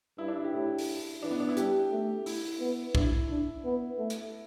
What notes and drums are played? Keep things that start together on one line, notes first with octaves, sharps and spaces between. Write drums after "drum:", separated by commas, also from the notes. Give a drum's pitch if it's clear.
G2 E4
D4
E4
G4
A2 E4
drum: open hi-hat
E3 D4
B3
D4
E4
G3 G4, drum: hi-hat
A3
E4, drum: open hi-hat
B3
D4 E4, drum: kick
D4
B3
A3
drum: hi-hat